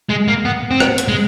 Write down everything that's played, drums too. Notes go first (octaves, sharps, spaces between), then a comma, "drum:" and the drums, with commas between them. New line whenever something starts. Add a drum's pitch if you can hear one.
G#3
A#3
B3
C4
B3, drum: rim click
drum: hi-hat
G#3